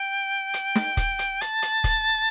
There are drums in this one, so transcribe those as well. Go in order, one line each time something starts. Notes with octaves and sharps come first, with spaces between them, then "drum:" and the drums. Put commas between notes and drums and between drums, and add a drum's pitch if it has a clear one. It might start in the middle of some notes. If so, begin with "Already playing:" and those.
Already playing: G5
drum: hi-hat
drum: snare
drum: kick, hi-hat
drum: hi-hat
A5, drum: hi-hat
drum: hi-hat
drum: kick, hi-hat